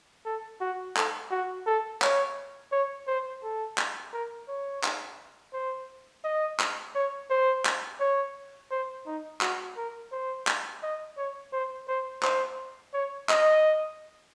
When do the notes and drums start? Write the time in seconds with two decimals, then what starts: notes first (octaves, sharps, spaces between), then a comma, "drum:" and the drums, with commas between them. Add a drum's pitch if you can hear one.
0.25 A4
0.61 F#4
0.97 A4, drum: clap
1.31 F#4
1.67 A4
2.02 C#5, drum: clap
2.72 C#5
3.08 C5
3.43 A4
3.78 drum: clap
4.13 A#4
4.49 C#5
4.84 drum: clap
5.53 C5
6.24 D#5
6.60 drum: clap
6.95 C#5
7.30 C5
7.65 drum: clap
8.00 C#5
8.71 C5
9.07 D#4
9.41 F#4, drum: clap
9.77 A#4
10.12 C5
10.47 drum: clap
10.83 D#5
11.18 C#5
11.53 C5
11.88 C5
12.23 C5, drum: clap
12.94 C#5
13.29 D#5, drum: clap